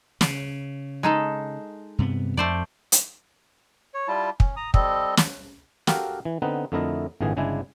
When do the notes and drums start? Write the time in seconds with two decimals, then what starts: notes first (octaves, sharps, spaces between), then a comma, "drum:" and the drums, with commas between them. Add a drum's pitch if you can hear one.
0.21 C#3, drum: snare
1.03 G#3 D#4 A4
1.99 G2 C3 B3
2.37 F2 A3 C5 D5
2.92 drum: hi-hat
3.94 C#5
4.08 G3 E4 F4 A5
4.40 C#4, drum: kick
4.56 A#5 D#6
4.74 G3 C4 A4 D#5, drum: kick
5.17 drum: snare
5.87 F#4 G4 A4 A#4 F5 G5, drum: snare
6.25 E3
6.42 D3 B3 C4 D#4 B4
6.72 F2 D3 A3 E4 A#4 D#5
7.21 G#1 A#2 D3 E3 G#4
7.37 G1 C#3 G#3 D4 E4 G#5